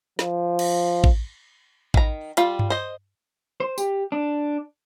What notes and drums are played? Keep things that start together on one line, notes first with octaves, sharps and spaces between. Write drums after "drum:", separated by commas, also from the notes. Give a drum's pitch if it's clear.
F3, drum: snare
drum: cymbal
drum: kick
D#3 A#5, drum: kick
G3 F4, drum: hi-hat
drum: tom G2
C5 D#5
C5
G4, drum: tambourine
D4